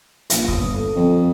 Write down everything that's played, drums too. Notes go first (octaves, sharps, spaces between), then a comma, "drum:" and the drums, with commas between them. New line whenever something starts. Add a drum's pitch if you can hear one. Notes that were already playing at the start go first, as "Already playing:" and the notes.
A#1 A#2, drum: hi-hat
G1 D#6, drum: kick
A4
F2